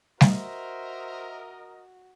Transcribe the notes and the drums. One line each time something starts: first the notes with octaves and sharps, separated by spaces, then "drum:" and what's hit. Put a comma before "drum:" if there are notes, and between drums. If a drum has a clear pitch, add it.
F#4 A#4 C5 D#5 E5, drum: snare G3